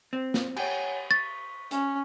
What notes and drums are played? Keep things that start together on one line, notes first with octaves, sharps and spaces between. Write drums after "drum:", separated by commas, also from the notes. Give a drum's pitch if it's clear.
C4
drum: snare
G4 C#5 F#5 G#5, drum: cymbal
C#6 A6 B6
C#4, drum: hi-hat